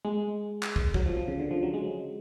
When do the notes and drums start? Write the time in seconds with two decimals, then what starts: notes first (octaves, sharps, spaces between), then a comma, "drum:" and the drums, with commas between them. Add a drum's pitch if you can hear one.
0.05 G#3
0.63 drum: clap
0.76 drum: kick
0.94 F#3, drum: kick
1.06 F3
1.17 F3
1.28 C#3
1.40 D3
1.51 F3
1.63 F#3
1.74 G#3